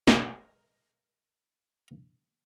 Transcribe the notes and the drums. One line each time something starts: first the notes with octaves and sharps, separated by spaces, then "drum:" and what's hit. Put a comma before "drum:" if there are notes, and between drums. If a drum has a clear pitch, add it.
G#3 A#4, drum: snare